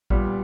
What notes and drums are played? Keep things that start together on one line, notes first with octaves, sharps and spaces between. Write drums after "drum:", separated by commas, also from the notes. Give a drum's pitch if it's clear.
A#2 G3 B3, drum: kick